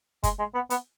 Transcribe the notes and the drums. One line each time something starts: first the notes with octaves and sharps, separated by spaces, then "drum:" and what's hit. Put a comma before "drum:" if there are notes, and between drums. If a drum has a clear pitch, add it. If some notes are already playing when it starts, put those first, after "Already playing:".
G#3, drum: kick F#1, hi-hat
G#3
B3
B3, drum: hi-hat